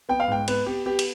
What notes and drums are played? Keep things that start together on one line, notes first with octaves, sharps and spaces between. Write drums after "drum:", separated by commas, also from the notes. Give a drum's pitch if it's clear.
B3 G5
F5
G#2 G5
B3 B4, drum: cymbal
B3 G4
B3 G4
drum: cymbal